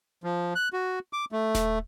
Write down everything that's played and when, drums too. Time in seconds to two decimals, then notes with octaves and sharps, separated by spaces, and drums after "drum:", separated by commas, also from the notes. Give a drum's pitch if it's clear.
0.24 F3
0.55 F#6
0.73 F#4
1.13 D6
1.32 A3
1.55 drum: snare D#1